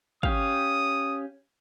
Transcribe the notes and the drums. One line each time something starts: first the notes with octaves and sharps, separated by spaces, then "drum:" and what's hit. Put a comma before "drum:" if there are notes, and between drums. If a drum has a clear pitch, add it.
C#4 G4 F5 D#6, drum: kick